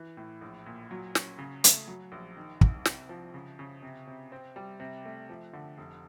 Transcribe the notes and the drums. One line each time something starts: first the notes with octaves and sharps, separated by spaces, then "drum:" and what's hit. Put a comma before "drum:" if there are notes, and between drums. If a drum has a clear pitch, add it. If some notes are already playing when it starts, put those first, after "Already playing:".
Already playing: E3
A2
A#1
A#2
F#3
C#4, drum: snare
C#3
A3, drum: hi-hat
F#3
A#1
D#3
C2, drum: kick
C3, drum: snare
F3
C#3
C#3
C3
C3
C4
G3
C3
A3
F3
D3
F1